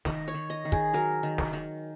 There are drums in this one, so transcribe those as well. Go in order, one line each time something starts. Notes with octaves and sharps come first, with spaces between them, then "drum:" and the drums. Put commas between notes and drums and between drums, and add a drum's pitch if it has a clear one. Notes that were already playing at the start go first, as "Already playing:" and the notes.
D#3 D#5, drum: snare
C#5
D#3
D#5
D#3
G#4, drum: kick
F#3 A#4
D#3
drum: snare
D#3